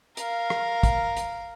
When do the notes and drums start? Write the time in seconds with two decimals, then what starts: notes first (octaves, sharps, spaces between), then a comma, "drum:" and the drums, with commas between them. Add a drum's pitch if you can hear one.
0.17 A#4 F5, drum: hi-hat
0.50 drum: rim click
0.83 drum: kick, hi-hat
1.17 drum: hi-hat